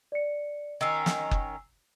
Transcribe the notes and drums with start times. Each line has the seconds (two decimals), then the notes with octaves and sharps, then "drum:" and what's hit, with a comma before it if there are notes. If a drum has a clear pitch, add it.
0.12 D5 C#7
0.81 D#3 C#4 A#5 E6 C7
1.06 drum: snare
1.31 drum: kick F#1